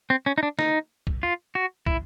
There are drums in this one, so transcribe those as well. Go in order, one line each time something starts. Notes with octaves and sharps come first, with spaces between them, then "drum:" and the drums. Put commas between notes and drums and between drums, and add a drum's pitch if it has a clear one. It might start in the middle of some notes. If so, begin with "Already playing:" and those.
C4
C#4
D#4
D4
D#4, drum: snare
drum: kick
F4
F#4
E4, drum: kick